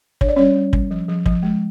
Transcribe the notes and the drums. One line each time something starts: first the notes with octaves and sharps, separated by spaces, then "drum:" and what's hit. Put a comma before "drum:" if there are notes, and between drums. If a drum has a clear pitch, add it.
D4 C#5, drum: kick
D5
G3 C#4 C#5
G3
G3, drum: kick
F3
F3
F3, drum: kick
G#3